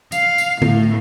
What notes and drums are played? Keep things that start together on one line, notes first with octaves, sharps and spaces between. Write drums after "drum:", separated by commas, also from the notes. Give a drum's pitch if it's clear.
F5, drum: tambourine
drum: tambourine
A2, drum: tom